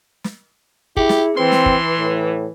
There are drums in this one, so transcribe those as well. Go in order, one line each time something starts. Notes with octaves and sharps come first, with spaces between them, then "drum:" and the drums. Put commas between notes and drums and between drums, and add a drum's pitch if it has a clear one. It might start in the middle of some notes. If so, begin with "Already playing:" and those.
drum: snare
E4 G4 G#4, drum: kick
drum: snare
E3 C4 B4 C6
drum: snare
drum: kick
A2